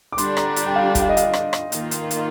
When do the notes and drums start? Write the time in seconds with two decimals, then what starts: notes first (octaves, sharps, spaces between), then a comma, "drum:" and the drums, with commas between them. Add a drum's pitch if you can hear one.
0.12 D6
0.18 D3 G3 D4 G4 C6, drum: hi-hat
0.37 A#5, drum: rim click
0.56 drum: hi-hat
0.66 G5
0.76 F5
0.95 G5, drum: kick, hi-hat
1.02 F5
1.09 D#5
1.17 F5, drum: hi-hat
1.33 drum: rim click
1.53 drum: rim click
1.72 D#3 A#3 F4, drum: hi-hat
1.91 drum: hi-hat
2.11 drum: hi-hat